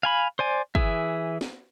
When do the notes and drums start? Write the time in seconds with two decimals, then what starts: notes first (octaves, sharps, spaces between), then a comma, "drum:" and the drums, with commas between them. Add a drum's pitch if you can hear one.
0.03 F5 G#5 B5
0.39 C5 D5 G#5
0.75 E3 G#4 E5, drum: kick
1.41 drum: snare